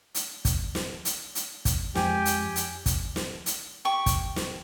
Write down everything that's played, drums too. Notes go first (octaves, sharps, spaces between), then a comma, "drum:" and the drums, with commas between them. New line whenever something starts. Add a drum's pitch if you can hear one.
drum: hi-hat
drum: kick, hi-hat
drum: snare
drum: hi-hat
drum: hi-hat
drum: kick, hi-hat
F2 F3 G#3 G4 G5 G#5, drum: snare
drum: hi-hat
drum: hi-hat
drum: kick, hi-hat
drum: snare
drum: hi-hat
G4 C#6
drum: kick, hi-hat
drum: snare